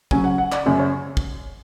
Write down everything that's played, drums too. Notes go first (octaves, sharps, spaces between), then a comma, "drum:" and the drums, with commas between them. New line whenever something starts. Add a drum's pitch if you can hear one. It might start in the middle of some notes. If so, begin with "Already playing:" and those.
C#3 F#3 C#4 G#5, drum: kick
F#5
F#5
D5, drum: clap
F#2 C#3 F#3
C#5
drum: kick